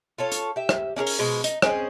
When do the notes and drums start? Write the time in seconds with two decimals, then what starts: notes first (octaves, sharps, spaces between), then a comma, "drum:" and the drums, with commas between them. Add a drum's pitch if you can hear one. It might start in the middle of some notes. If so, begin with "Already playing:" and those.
0.18 F4 A4 C#5
0.32 drum: hi-hat
0.56 G4 E5
0.69 drum: rim click
0.96 C#4 D4 G#4 A#4
1.07 drum: open hi-hat
1.19 B2 F3 G#3
1.44 D#4, drum: hi-hat
1.62 C4 C#4 G#4 D#5, drum: rim click